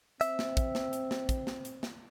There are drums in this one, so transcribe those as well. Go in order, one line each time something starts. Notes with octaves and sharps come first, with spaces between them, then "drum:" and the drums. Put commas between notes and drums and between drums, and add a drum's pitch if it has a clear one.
C4 E5, drum: hi-hat
drum: snare
drum: kick, hi-hat
drum: snare
drum: hi-hat
drum: snare
drum: kick, hi-hat
drum: snare
drum: hi-hat
drum: snare